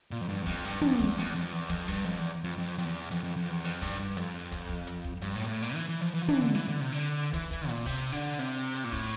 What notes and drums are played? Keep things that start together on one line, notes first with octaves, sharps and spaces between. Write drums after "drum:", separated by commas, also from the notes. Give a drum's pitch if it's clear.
A#2
F2
G2
E2
F2, drum: kick
G2
F2, drum: tom
E2, drum: kick, hi-hat
F2
E2
F2, drum: hi-hat
E2
F2, drum: kick, hi-hat
G2, drum: kick
F2, drum: hi-hat
E2
F2
F2
F2, drum: hi-hat
E2
F2, drum: hi-hat
F2
F2
E2
F2
G2, drum: kick, hi-hat
G2
F2, drum: hi-hat
drum: kick, hi-hat
drum: kick
drum: hi-hat
drum: kick
G2, drum: hi-hat
A2
A#2
A2
A#2
E3
E3
F3
E3
F3
E3, drum: tom
D3
E3
D3
C3
D3
E3, drum: kick, hi-hat
E3, drum: kick
A#2, drum: hi-hat
C3, drum: kick
D3
C3, drum: hi-hat
drum: hi-hat
A#2
A2, drum: kick